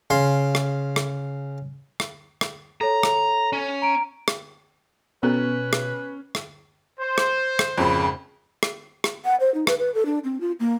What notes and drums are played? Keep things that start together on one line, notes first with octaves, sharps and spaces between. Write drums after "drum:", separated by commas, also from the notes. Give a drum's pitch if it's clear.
C#3 F5 C6
drum: rim click
drum: rim click
drum: rim click
drum: rim click
A4 C#5 A#5
drum: rim click
C#4
A#5 D7
drum: rim click
B2 B3 C#4 A4 B4 A#5
drum: rim click
drum: rim click
C5
drum: rim click
drum: rim click
G#1 F2 C#3 B5
drum: rim click
drum: rim click
F#5
C5
D#4
B4, drum: rim click
B4
A4
D4
C4
F4
A#3